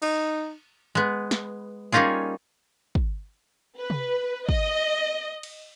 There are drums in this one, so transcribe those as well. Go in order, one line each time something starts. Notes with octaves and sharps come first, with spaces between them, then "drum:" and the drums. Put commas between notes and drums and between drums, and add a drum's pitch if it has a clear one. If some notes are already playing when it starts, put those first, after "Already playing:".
D#4, drum: cymbal
G#3 B3
drum: snare
G3 A#3 C#4 D#4 F4 G#4
drum: kick
B4
drum: tom C3
D#5, drum: kick
drum: cymbal